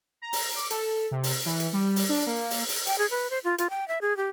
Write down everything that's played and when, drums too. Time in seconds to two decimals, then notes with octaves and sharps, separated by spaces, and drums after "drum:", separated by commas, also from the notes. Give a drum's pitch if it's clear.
0.22 A#5
0.33 drum: open hi-hat
0.56 D6
0.70 A4, drum: hi-hat
1.11 C3
1.23 drum: open hi-hat
1.46 E3
1.60 drum: hi-hat
1.73 G3
1.96 drum: open hi-hat
2.09 D4
2.26 A#3
2.50 drum: open hi-hat
2.69 drum: open hi-hat
2.87 G5, drum: hi-hat
2.98 G#4
3.11 B4
3.30 C5
3.44 F4
3.58 F4, drum: hi-hat
3.70 G5
3.88 E5
4.01 G#4
4.17 G4